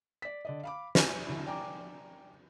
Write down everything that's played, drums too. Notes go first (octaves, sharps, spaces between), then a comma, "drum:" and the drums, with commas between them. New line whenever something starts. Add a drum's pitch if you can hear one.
D5 B6
D3 D5 D#5
F5 B5 D6
G#5, drum: snare
D3 E4
D5 G5 G#5 A#5 D6